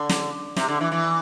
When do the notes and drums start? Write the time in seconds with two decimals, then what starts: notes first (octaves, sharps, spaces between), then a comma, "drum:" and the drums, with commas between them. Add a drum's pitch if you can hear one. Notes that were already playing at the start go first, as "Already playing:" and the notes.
Already playing: D3
0.09 drum: snare
0.56 C3, drum: snare
0.68 D3
0.81 E3
0.92 E3